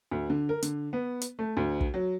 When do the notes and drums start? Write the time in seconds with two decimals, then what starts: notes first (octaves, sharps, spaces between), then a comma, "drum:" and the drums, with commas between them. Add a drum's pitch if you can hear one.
0.11 D2
0.30 D3
0.49 A#4
0.62 D3, drum: hi-hat
0.93 B3
1.21 drum: hi-hat
1.39 A3
1.57 D2
1.80 drum: kick
1.94 F#3